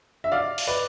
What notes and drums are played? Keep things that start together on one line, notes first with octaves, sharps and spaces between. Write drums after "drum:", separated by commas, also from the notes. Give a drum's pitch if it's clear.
E5
D5 F5
drum: open hi-hat
B4 D5